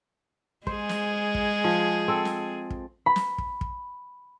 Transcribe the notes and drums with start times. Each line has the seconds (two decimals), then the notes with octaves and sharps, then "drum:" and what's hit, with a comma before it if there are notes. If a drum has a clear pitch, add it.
0.67 G#3 G#4 C5, drum: kick
0.89 drum: snare
1.35 drum: kick
1.64 F3
2.08 C4 A4
2.25 drum: snare
2.70 drum: kick
3.06 B5
3.16 drum: snare
3.38 drum: kick
3.61 drum: kick